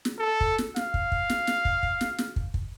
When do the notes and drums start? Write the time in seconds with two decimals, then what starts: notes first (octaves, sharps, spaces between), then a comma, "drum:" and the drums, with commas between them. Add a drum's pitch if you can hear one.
0.05 drum: snare
0.19 A4
0.41 drum: kick
0.58 drum: snare
0.76 F5, drum: snare
0.94 drum: kick
1.12 drum: kick
1.30 drum: snare
1.47 drum: snare
1.65 drum: kick
1.83 drum: kick
2.01 drum: snare
2.18 drum: snare
2.36 drum: kick
2.54 drum: kick